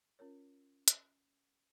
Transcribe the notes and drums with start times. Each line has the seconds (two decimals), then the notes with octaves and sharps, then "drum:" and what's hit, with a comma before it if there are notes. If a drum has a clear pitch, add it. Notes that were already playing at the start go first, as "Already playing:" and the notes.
0.19 C#4 F4 A#4 C#5
0.88 drum: hi-hat